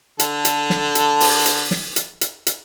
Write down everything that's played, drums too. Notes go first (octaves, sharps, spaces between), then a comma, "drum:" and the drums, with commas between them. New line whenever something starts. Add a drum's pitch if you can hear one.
D3 A4, drum: hi-hat
drum: hi-hat
drum: snare
drum: hi-hat
drum: open hi-hat
drum: hi-hat
drum: snare
drum: hi-hat
drum: hi-hat
drum: hi-hat